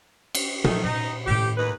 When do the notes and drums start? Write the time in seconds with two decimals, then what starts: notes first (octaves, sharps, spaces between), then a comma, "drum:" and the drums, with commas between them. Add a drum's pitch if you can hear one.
0.35 drum: cymbal
0.64 D#3 F3 F#3 A3 D#4, drum: tom A#2
0.84 A#2 D#4
1.27 A2 D#3 G4
1.57 D#2 D#4 B4